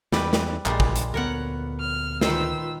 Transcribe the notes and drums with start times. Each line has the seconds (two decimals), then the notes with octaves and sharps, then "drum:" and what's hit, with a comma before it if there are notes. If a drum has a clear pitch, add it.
0.12 E2 G3 B4, drum: snare
0.33 drum: snare
0.66 A#1 A#2 G3 G#3, drum: clap
0.80 drum: kick
0.96 drum: hi-hat
1.14 D2 B3 A#4 C#5 F#5
1.79 F6
2.21 D#3 F4 B4 C5 E6, drum: snare